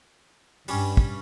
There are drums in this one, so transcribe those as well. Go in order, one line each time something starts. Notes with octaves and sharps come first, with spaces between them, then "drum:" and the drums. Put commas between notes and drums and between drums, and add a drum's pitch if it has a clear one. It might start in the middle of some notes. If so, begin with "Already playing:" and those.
G2 G3 C#4, drum: open hi-hat
drum: kick